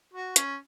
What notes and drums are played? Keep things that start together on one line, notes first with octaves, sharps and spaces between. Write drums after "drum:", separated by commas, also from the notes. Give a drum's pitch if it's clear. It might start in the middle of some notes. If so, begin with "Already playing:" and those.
F#4
C#4, drum: hi-hat